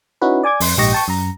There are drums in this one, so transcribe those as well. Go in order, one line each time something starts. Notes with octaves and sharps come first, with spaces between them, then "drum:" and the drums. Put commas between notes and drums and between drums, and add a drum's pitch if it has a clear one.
C#4 D#4 E4 F#4 B4
D5 G#5 D6 G#6
F2 C6, drum: open hi-hat
A#1 G#2 G4 D#5 C#6 A#6
G5 A5 C#6
F#2 A#5